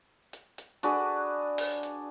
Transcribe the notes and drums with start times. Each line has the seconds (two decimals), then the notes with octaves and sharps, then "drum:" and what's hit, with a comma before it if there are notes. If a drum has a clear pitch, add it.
0.33 drum: hi-hat
0.58 drum: hi-hat
0.83 D4 F#4 G#4 B4, drum: hi-hat
1.58 drum: open hi-hat
1.83 drum: hi-hat